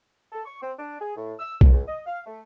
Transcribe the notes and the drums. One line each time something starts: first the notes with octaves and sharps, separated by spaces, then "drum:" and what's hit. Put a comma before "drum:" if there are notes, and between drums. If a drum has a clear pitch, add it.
A4
C#6
C4
D4
G#4
A2
E6
C2, drum: kick B1
C#2
D#5
F5
A3